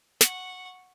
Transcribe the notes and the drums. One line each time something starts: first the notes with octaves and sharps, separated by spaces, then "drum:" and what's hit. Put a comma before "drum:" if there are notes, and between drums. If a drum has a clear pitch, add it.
F#5 C#6, drum: snare